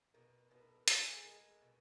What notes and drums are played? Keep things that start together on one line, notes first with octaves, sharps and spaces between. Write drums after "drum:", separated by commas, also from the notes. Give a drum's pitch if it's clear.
B2 A#4
B2 B4
A#4
A4
A#4
G#4 A4, drum: hi-hat
G#3 A#4
B2